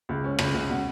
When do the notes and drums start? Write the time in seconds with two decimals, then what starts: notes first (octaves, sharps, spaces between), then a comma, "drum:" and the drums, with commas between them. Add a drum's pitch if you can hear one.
0.09 C#2
0.24 C#4
0.39 C#2, drum: rim click
0.54 C#2
0.69 B2